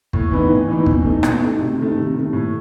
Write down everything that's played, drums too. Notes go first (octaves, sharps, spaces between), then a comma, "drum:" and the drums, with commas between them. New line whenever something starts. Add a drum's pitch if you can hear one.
A2, drum: kick
E3 B3 D#4
A2
E3 B3 D#4
B2, drum: kick
A3 D#4
B2, drum: rim click
A3 D#4
C3
D#3 A3
C3
D#3 A3
A2